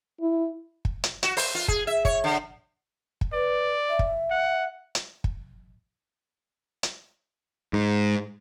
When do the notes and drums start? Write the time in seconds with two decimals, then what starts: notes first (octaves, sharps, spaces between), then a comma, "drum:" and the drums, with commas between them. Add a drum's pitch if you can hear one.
0.21 E4
0.85 drum: kick
1.04 drum: hi-hat
1.23 F#4, drum: hi-hat
1.37 C5, drum: open hi-hat
1.55 F4
1.68 G#4, drum: kick
1.87 E5
2.05 C#5, drum: kick
2.24 D3
3.21 drum: kick
3.33 B4 D5
3.90 E5
3.99 drum: kick
4.30 F#5
4.95 drum: hi-hat
5.24 drum: kick
6.83 drum: hi-hat
7.73 G#2